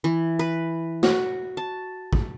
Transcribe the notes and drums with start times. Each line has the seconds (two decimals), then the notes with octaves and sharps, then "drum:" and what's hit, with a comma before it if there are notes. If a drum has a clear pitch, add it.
0.04 E3
0.39 B4
1.03 F#4, drum: snare
1.57 A5
2.13 drum: kick